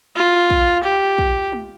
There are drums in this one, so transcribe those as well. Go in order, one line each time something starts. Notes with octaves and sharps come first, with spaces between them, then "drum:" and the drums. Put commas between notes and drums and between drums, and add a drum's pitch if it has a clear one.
F4
drum: kick
G4
drum: kick
drum: tom G#3